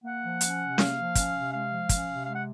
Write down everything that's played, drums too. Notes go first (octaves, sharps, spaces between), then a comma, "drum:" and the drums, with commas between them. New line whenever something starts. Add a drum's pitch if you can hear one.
A#3 F#5
F3
C#4, drum: hi-hat
C3
A#3 F5, drum: snare C#4
F3
C#4, drum: kick, hi-hat
C3
G#3 F5
F3
C#4, drum: kick, hi-hat
C3
G#3 F5
F#5